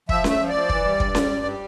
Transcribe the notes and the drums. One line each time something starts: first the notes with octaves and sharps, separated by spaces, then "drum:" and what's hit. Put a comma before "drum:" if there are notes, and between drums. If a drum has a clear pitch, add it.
F3 E5, drum: kick
A3, drum: snare C#4
E5
F3
D5
F3
E3, drum: kick
G3
G2, drum: kick
G3, drum: snare C#4
G2
G3